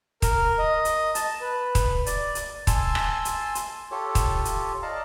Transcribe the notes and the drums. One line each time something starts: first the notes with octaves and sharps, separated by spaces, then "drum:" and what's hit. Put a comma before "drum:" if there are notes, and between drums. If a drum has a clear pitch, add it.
A#4, drum: kick D#1, hi-hat
D#5
drum: hi-hat
A5, drum: hi-hat
B4
drum: kick D#1, hi-hat
D5, drum: hi-hat
drum: hi-hat
G#5 A5 C6 E6, drum: kick D#1, hi-hat
drum: rim click
drum: hi-hat
drum: hi-hat
F4 G4 A4 C#5
drum: kick D#1, hi-hat
drum: hi-hat
D5 D#5 F5 A5 A#5